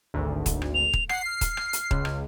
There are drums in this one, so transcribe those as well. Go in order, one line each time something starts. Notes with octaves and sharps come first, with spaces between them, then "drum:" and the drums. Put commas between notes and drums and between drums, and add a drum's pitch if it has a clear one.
G#1 D2
drum: kick D#1, hi-hat
drum: rim click
F7
drum: kick D#1
F#5 C7, drum: rim click
F6
drum: kick D#1, hi-hat
drum: rim click
drum: hi-hat
C#2, drum: kick D#1
drum: rim click